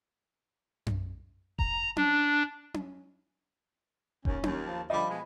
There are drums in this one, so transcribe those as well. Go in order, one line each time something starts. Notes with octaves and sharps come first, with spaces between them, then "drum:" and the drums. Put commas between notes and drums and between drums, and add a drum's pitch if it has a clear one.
drum: tom F#2
A#5, drum: kick F1
D4, drum: tom C#4
drum: tom C#4
D#2 C#4, drum: kick F1
D#2, drum: tom C#4
F3 A5
D3 F3 G3 D#5 B5
B2 G#3